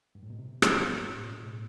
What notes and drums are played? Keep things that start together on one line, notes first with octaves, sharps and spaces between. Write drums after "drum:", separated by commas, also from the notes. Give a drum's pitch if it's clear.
G2
A2
B2
C3
F#2, drum: rim click
G2
A2
B2
A2